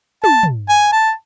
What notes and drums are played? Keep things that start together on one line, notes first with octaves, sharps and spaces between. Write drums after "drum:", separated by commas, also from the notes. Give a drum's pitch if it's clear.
A5, drum: tom
drum: tom
G#5
A5